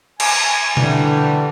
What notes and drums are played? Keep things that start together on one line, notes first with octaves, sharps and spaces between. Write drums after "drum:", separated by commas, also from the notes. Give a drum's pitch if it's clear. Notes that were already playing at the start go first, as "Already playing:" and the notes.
G#5, drum: cymbal
D3 E3 G3 A3, drum: tom B2